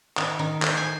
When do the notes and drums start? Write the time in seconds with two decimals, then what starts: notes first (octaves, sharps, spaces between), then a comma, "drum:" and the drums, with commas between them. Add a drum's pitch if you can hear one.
0.17 D#3, drum: clap
0.39 D#3
0.62 C5, drum: clap
0.77 G#5